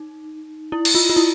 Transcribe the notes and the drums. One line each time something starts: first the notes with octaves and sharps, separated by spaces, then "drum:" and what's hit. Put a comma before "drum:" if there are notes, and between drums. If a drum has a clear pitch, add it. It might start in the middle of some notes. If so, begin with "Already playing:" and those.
Already playing: D#4
E4
drum: cymbal
F4
F4
E4